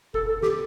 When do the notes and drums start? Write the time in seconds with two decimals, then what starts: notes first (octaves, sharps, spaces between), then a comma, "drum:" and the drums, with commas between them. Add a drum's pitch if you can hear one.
0.14 A4, drum: kick F#1
0.29 A4
0.42 G4, drum: snare